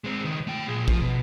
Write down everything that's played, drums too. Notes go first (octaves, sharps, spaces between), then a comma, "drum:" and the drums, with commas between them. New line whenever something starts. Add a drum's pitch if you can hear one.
G#3 C4
C#2 D#3
A3 G5
A#2 G#4
F3, drum: kick A1
B2